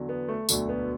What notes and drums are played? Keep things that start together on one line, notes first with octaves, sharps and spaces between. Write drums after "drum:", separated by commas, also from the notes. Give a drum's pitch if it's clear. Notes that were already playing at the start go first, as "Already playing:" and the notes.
Already playing: E2 D3 F#3
B3
A3
E1 D2 D3 F#3 A3, drum: tambourine
B3